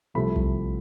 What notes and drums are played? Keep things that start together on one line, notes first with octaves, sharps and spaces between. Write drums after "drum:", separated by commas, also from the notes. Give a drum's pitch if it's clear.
C2 C3 F3 A3 B5
drum: kick B1